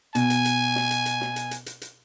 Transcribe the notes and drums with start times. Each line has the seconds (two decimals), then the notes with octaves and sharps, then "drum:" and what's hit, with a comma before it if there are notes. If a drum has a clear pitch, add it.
0.15 B2 G#5, drum: hi-hat
0.30 drum: hi-hat
0.45 drum: hi-hat
0.76 drum: snare
0.91 drum: hi-hat
1.06 drum: hi-hat
1.21 drum: snare
1.36 drum: hi-hat
1.51 drum: hi-hat
1.66 drum: hi-hat
1.82 drum: hi-hat